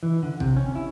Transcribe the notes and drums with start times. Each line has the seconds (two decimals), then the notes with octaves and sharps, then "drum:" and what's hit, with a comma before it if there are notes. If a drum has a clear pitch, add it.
0.03 E3
0.23 D3
0.40 C3, drum: kick
0.56 C#4
0.75 E4